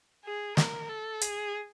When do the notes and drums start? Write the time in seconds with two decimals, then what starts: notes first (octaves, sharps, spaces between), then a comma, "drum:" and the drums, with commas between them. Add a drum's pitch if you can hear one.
0.25 G#4
0.57 A#4, drum: snare
0.89 A4
1.21 G#4, drum: hi-hat